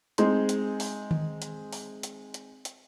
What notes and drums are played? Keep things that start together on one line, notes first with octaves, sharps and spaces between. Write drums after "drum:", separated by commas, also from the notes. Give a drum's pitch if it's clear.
G#3 C4 D#4 C6, drum: hi-hat
drum: hi-hat
drum: open hi-hat
drum: tom D#3
drum: hi-hat
drum: open hi-hat
drum: hi-hat
drum: hi-hat
drum: hi-hat